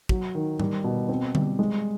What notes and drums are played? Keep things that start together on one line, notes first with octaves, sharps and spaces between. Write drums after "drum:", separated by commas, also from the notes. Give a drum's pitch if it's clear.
F#3, drum: kick
D#3
G3, drum: tom G#2
B2
C4
G3, drum: tom D3
G#3